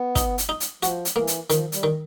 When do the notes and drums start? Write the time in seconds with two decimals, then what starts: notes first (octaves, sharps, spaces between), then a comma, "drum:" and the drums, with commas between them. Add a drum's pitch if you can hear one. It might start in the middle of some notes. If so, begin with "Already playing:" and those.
Already playing: B3
0.16 D#4, drum: kick, hi-hat
0.38 drum: hi-hat
0.49 D#4
0.60 drum: hi-hat
0.83 F3 F#4, drum: hi-hat
1.05 drum: hi-hat
1.16 E3 A#3
1.27 drum: hi-hat
1.50 D#3 F3, drum: hi-hat
1.72 G3, drum: hi-hat
1.83 D#3